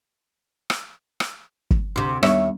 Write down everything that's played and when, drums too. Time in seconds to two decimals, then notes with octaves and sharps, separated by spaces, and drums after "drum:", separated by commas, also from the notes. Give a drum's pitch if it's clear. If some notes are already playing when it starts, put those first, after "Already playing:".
0.70 drum: rim click
1.20 drum: rim click
1.71 drum: kick
1.96 D2 C3 C6
2.23 D#2 G3 B3 D4 C#5 E5, drum: rim click